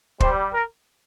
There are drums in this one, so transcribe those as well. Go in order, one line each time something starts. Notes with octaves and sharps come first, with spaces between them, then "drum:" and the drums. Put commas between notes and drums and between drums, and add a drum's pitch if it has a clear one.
G3 C5, drum: kick
A#4